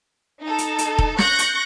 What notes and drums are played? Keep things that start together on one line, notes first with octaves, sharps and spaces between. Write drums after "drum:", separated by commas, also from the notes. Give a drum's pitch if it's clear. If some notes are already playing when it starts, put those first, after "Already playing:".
D#4 A4
drum: hi-hat
drum: hi-hat
drum: kick
C#6 F#6 G6 A#6 C#7, drum: snare
drum: hi-hat